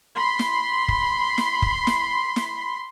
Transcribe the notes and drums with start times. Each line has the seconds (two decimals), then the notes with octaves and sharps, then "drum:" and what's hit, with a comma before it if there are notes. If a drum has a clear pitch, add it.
0.15 B5 C6
0.39 drum: snare
0.88 drum: kick
1.38 drum: snare
1.62 drum: kick
1.87 drum: snare
2.36 drum: snare